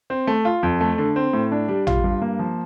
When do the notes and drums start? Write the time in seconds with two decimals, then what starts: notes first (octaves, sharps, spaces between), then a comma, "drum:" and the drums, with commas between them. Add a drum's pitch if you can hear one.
0.10 C4
0.27 A3
0.45 F4
0.63 F2
0.81 A3
0.98 D3
1.16 C4
1.33 A2
1.52 D4
1.68 G3
1.87 F4, drum: tom
2.04 G2
2.22 A#3
2.39 F3